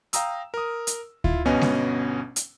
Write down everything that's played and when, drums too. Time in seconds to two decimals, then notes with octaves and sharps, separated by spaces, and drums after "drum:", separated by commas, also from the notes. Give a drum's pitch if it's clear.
0.13 F5 G5 A#5 D#6 E6, drum: hi-hat
0.54 A#4 D#6
0.87 drum: hi-hat
1.24 E4 F4, drum: kick D2
1.45 G1 B2 B3 C#4 D#5 G#5
1.61 drum: snare G#3
2.36 drum: hi-hat